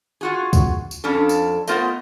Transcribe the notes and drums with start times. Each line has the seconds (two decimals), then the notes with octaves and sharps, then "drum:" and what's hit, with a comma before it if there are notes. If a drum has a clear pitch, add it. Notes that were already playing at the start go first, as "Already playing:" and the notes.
0.21 F4 F#4 G#4
0.53 drum: kick, tambourine
0.91 drum: tambourine
1.04 F2 F3 C#4 D4 A4
1.29 drum: tambourine
1.68 A3 B3 F4 A#4 C5 D#5, drum: tambourine